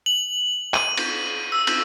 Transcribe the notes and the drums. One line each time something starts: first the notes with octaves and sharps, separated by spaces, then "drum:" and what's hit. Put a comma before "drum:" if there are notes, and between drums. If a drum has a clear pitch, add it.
F#7
D#7, drum: clap
drum: cymbal
E6
drum: cymbal